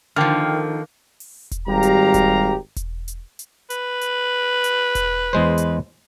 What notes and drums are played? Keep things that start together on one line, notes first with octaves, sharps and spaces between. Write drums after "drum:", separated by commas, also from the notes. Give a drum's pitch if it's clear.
D3 D#3 F3 A#3 G5 F6
drum: open hi-hat
drum: kick E1, hi-hat
G#1 G3 G4 F5 A#5
drum: hi-hat
drum: kick E1, hi-hat
drum: kick E1, hi-hat
drum: hi-hat
drum: hi-hat
B4, drum: hi-hat
drum: hi-hat
drum: hi-hat
drum: kick E1, hi-hat
E2 G#3 C5
drum: hi-hat